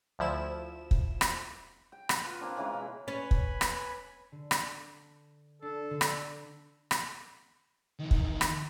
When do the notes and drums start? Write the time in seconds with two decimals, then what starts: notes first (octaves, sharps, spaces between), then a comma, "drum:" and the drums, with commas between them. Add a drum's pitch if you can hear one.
0.19 D2 F3 E4 E7
0.91 drum: kick
1.21 drum: rim click
1.92 G5
2.09 F#5, drum: rim click
2.24 F4 B4
2.41 A#3 C4 D4
2.57 C#3 E3 G#3 A#3
2.73 B2 B5
3.08 C#4 B4 G#5 B5
3.31 drum: kick
3.61 drum: rim click
4.32 D3
4.51 drum: rim click
5.62 D4 A4
5.90 D3
6.01 drum: rim click
6.91 drum: rim click
7.99 E2 D#3
8.11 drum: kick
8.41 drum: rim click